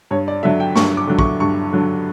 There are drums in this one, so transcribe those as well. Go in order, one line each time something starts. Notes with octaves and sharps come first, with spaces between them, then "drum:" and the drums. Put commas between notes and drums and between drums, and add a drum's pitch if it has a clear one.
G2 C#5
D5
D3 F#3 E5
G5
G2 C#6, drum: snare
D6
D3 F#3
C#6, drum: kick
G2 C#6
D3 F#3